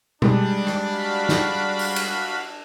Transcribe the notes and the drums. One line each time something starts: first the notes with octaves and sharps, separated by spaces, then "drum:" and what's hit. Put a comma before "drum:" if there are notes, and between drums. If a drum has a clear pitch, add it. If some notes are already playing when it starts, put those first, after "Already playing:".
G3 G#3 D4, drum: tom
drum: rim click
F#4 F5 B5
drum: snare
drum: open hi-hat
drum: cymbal